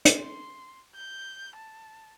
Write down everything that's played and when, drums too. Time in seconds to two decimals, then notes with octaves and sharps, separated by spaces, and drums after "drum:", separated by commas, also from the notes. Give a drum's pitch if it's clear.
0.05 drum: hi-hat
0.19 C6
0.95 G6
1.56 A5